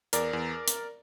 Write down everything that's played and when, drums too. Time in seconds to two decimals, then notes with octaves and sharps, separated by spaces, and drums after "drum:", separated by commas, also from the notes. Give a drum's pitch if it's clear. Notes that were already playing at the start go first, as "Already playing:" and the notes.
0.13 E2 A#4 D5, drum: hi-hat
0.33 E2
0.68 drum: hi-hat